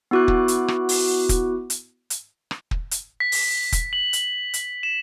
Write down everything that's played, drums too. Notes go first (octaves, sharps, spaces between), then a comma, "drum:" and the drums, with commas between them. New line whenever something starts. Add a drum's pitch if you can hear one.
B3 E4 F#4 D6 F#6
drum: kick
drum: hi-hat
drum: rim click
drum: open hi-hat
drum: kick, hi-hat
drum: hi-hat
drum: hi-hat
drum: rim click
drum: kick
drum: hi-hat
B6
drum: open hi-hat
drum: kick, hi-hat
F#7
drum: hi-hat
drum: hi-hat
E7